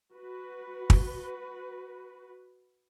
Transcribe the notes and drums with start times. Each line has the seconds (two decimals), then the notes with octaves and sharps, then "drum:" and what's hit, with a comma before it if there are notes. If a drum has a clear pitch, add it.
0.13 F#4 B4
0.90 drum: kick